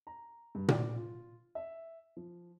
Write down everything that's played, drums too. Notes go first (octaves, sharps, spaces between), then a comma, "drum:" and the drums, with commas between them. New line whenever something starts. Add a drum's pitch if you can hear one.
A#5
G2
D5, drum: tom A#2
F4
E5
F3